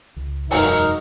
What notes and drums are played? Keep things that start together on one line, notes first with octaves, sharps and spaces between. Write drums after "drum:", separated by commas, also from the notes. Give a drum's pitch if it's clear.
C#2
E1 F#2 F#3 G#3 D#4 A#4 F5, drum: open hi-hat